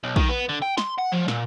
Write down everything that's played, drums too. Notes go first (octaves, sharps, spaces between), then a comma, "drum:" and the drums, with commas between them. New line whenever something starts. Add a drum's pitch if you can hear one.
B1
D#3, drum: kick
B3
D3
G5
C6, drum: snare
F#5
F3
A#2, drum: snare